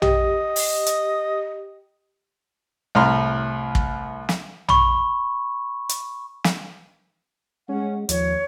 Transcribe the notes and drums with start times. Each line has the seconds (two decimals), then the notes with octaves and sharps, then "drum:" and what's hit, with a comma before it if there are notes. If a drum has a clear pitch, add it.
0.02 G4 D#5, drum: tom A#1
0.56 drum: open hi-hat
0.86 drum: hi-hat
2.95 C2 A2 A#5 C6 F6
3.75 drum: kick
4.29 drum: snare
4.69 B5 C#6, drum: tom A#1
5.89 drum: hi-hat
6.44 drum: snare
7.69 G#3 C#4 F#5
8.09 D#2 F3 C#5, drum: hi-hat